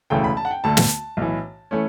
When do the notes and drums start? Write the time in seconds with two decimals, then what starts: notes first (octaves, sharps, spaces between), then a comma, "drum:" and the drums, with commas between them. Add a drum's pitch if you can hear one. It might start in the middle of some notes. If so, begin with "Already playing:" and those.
0.10 E1 D2 C#3 E3 A3 G5
0.24 B5
0.37 A5
0.45 F#5
0.51 G5
0.64 D2 D3 A3 A5
0.77 drum: snare
1.17 B1 A2 E3
1.71 E3 A3 C#4